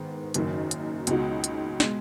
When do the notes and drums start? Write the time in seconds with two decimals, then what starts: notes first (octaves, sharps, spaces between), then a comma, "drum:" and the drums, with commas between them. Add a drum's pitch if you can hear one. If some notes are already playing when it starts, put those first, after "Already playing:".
Already playing: G#2 D#3 B3
0.34 F#1 F#2 D#3 F#3 D#4, drum: hi-hat
0.71 drum: hi-hat
1.07 C#2 B2 G#3 D#4 F#4, drum: hi-hat
1.44 drum: hi-hat
1.80 B2 G#3, drum: snare